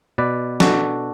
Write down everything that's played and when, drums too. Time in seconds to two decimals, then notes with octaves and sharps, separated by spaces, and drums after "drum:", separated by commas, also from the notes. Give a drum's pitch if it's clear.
0.18 B2 B4 D5
0.60 D4 F#4 A4, drum: snare